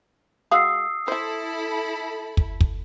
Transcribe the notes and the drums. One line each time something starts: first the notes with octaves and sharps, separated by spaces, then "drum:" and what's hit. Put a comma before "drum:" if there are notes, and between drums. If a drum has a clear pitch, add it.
G#3 F#4 F5 D#6 E6 C7
E4 A4 C5 E5 B5
drum: kick
drum: kick